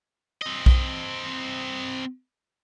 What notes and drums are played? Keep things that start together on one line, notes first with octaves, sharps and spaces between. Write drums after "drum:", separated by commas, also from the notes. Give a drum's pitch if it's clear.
C4 D#5
drum: kick B1